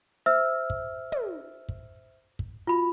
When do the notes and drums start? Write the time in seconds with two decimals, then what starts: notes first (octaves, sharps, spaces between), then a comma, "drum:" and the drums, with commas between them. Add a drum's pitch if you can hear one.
0.26 C5 E5 E6 F6
0.70 drum: kick
1.12 drum: tom
1.69 drum: kick
2.39 drum: kick
2.67 F4 F#4 B5